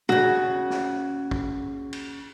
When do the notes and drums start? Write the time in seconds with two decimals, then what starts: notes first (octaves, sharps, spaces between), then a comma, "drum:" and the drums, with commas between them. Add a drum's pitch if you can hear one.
0.09 D#2 C#3 F#4, drum: tom
0.70 drum: snare
1.31 drum: kick
1.93 drum: cymbal